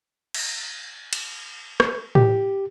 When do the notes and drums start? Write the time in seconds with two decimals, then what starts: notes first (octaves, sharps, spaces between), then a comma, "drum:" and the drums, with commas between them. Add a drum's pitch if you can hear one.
0.34 drum: cymbal
1.13 drum: cymbal
1.80 drum: rim click
2.15 G4, drum: tom A2